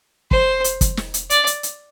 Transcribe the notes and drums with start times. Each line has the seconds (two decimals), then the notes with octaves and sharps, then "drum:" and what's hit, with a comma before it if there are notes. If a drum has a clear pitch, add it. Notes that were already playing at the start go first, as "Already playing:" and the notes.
0.31 C5, drum: kick
0.64 drum: hi-hat
0.81 drum: kick, hi-hat
0.97 drum: snare
1.14 drum: hi-hat
1.30 D5, drum: hi-hat
1.47 drum: hi-hat
1.63 drum: hi-hat